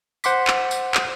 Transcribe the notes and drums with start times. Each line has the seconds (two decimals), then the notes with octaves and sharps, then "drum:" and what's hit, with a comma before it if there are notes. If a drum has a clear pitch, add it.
0.24 C5 F#5 C6 D6 B6, drum: tambourine
0.47 drum: clap
0.71 drum: tambourine
0.94 drum: clap